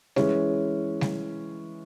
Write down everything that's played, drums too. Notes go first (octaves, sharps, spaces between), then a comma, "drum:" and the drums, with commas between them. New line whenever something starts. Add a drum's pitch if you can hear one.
E3 G#3 C#4, drum: snare
drum: snare